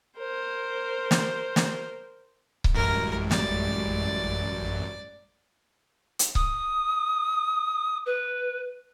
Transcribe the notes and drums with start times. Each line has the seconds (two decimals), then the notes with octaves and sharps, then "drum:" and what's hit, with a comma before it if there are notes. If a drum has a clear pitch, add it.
0.19 A#4 C5
1.11 drum: snare
1.56 drum: snare
2.64 drum: kick C#1
2.75 A1 F#2 A2 G3 G#3 A#4
3.31 D5, drum: snare
6.19 drum: hi-hat
6.35 D#6, drum: kick C#1
8.06 B4